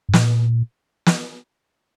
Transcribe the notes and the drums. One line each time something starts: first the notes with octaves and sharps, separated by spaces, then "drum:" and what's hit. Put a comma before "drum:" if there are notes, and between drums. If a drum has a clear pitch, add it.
G2
A#2, drum: snare
drum: snare